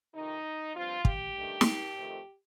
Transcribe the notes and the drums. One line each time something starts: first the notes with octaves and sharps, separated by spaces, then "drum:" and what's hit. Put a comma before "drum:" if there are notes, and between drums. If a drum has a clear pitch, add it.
F2 C3 D#3 D#4
G2 F3 C4 F4
G4, drum: kick
G2 D#3 A3 D4
drum: snare
F2 D#3 A3 C4